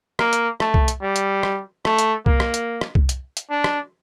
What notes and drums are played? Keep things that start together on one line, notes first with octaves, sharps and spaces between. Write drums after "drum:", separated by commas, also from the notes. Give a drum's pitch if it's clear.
A#3, drum: rim click
drum: hi-hat
A3, drum: rim click
drum: kick
drum: hi-hat
G3
drum: hi-hat
drum: rim click
A3, drum: rim click
drum: hi-hat
A#3, drum: kick
drum: rim click
drum: hi-hat
drum: rim click
drum: kick
drum: hi-hat
drum: hi-hat
D4
drum: rim click